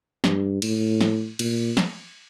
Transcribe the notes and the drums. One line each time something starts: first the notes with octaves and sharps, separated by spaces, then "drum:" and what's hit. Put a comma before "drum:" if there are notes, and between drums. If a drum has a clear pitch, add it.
G2, drum: snare
A2, drum: cymbal
drum: snare
A#2, drum: cymbal
drum: snare